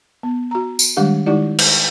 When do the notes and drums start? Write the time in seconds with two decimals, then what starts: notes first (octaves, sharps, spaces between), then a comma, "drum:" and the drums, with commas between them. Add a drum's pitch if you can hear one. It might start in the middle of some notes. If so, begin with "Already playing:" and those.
0.23 B3
0.51 F#4 A#5
0.79 drum: tambourine
0.97 D#3 G3 G#3 D4 G4 F5
1.26 D#3 G#3 D#4 E4 G4 D5
1.59 drum: cymbal